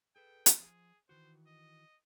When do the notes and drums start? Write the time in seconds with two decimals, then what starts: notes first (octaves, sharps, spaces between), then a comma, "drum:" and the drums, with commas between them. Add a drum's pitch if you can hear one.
0.16 G#4 A4 B4 G5
0.46 drum: hi-hat
0.60 F3 G#4
1.09 D#3 E3 F#4 C5
1.47 D#5